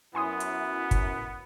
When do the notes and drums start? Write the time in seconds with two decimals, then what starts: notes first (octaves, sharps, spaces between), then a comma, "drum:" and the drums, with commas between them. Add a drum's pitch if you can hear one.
0.15 F#2 B3 E4 G#5 C6 D#6
0.40 drum: hi-hat
0.91 drum: kick, hi-hat